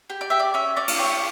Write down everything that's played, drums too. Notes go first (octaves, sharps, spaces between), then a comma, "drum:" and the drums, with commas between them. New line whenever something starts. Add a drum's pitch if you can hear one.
G4
D5
G4 E5
D5
C#4 E5
C#4 D5
drum: cymbal
G4 C#5